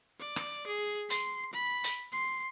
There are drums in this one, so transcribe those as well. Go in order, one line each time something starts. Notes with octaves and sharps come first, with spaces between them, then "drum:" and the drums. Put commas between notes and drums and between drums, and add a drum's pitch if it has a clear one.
D5
drum: rim click
G#4
C6, drum: hi-hat
B5
drum: hi-hat
C6